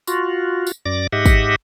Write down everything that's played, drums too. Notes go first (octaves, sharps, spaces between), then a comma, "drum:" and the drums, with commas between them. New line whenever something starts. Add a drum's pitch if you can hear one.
F4 F#4, drum: tambourine
drum: tambourine
F#2 D5 D6 A#6
G#2 G4 D#5 E5 F#5
drum: kick, tambourine